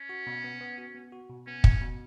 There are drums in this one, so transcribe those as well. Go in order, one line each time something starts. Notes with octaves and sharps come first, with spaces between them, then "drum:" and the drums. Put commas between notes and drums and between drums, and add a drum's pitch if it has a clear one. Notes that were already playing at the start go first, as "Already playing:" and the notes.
Already playing: C#4
F#4
B2
B3
B3
F#4
B3
F#4
B2
B3 C#4
B2, drum: kick
B2